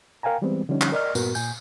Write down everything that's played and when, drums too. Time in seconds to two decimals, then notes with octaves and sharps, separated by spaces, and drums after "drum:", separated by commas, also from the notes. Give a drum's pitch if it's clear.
0.23 A#4 F5 G5 G#5 A#5
0.42 E3 G3 G#3 B3 C4
0.69 D3 F3 G3 C#4 D#4
0.81 drum: clap
0.92 A#4 D5 D#5 F6
1.15 G2 A#2 B3 F#4 A#4, drum: tambourine
1.35 A#2 G#5 G6, drum: tambourine